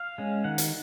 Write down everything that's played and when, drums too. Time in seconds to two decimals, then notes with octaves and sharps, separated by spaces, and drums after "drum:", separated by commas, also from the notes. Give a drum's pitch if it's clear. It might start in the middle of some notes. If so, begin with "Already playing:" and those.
Already playing: F5
0.18 G#3 C#4
0.44 D#3 F#5
0.58 drum: hi-hat